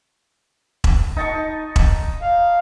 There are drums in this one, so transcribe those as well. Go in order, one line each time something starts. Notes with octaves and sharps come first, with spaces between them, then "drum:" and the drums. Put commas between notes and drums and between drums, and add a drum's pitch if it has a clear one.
drum: kick E1
D#4 A5 C#6
drum: kick E1
F5